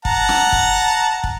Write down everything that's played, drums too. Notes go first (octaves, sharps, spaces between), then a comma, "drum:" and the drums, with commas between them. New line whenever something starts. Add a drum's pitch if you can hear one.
F#5 A5 A#5, drum: kick
drum: snare
drum: kick
drum: kick